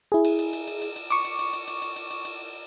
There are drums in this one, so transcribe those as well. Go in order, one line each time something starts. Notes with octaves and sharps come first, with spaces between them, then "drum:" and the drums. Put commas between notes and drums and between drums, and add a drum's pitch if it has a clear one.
E4 G#4
drum: cymbal
drum: cymbal
drum: cymbal
drum: cymbal
drum: cymbal
drum: cymbal
C#6 D6, drum: cymbal
drum: cymbal
drum: cymbal
drum: cymbal
drum: cymbal
drum: cymbal
drum: cymbal
drum: cymbal
drum: cymbal